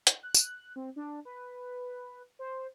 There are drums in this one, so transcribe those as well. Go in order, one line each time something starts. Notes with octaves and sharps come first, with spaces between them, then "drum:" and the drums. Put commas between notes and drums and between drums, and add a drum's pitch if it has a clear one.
drum: hi-hat
F#6
drum: tambourine
C4
D4
B4
C5